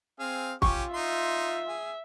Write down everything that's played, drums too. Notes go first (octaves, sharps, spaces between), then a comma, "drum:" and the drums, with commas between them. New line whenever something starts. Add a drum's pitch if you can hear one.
C4 G#4 F5
C#4 F4 G4 C#6, drum: kick
D#4 E5 C6
G#4